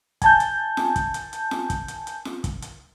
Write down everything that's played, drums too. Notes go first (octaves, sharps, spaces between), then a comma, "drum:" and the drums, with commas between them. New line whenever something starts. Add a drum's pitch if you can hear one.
G#5 A5 G6, drum: kick, hi-hat
drum: hi-hat
drum: snare F4
drum: kick, hi-hat
drum: hi-hat
drum: hi-hat
drum: snare F4
drum: kick, hi-hat
drum: hi-hat
drum: hi-hat
drum: snare F4
drum: kick, hi-hat
drum: hi-hat